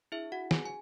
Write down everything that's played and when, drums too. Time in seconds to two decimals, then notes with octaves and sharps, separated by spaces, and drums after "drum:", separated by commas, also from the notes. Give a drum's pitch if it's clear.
0.12 D4 E4 G#4 E5
0.32 F#4 F#5
0.51 G#4 G#5, drum: snare
0.66 G#5